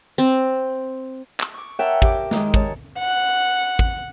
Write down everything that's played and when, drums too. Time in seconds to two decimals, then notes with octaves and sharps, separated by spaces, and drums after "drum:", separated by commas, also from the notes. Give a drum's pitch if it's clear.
0.18 C4
1.40 drum: clap
1.54 C#6 D6
1.79 A#4 C#5 E5 F#5 G5 A5
2.02 G4 D6, drum: kick
2.31 D#3 G#3, drum: snare
2.54 C#5 A5, drum: kick
2.98 F#5
3.79 drum: kick